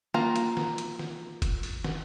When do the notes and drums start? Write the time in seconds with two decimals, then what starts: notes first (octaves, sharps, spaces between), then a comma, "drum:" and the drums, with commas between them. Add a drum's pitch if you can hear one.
0.14 A#3 F4 A#5, drum: snare
0.36 drum: hi-hat
0.57 drum: snare
0.78 drum: hi-hat
0.99 drum: snare
1.42 drum: kick F1, hi-hat
1.63 drum: open hi-hat
1.85 drum: snare